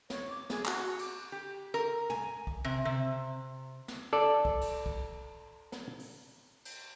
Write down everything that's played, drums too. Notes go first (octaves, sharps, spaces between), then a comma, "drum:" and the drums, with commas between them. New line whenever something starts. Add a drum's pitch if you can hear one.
C#5, drum: snare
D6
G#4, drum: snare
F#4, drum: clap
F#4
D6, drum: cymbal
G4
A#4
G#5, drum: tom
drum: kick
C3
C3
drum: snare
A4 D5
drum: kick
drum: cymbal
drum: kick
drum: snare
drum: open hi-hat
drum: cymbal